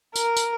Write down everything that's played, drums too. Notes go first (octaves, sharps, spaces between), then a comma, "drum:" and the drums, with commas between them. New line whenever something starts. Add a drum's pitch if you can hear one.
A#4, drum: tambourine
drum: tambourine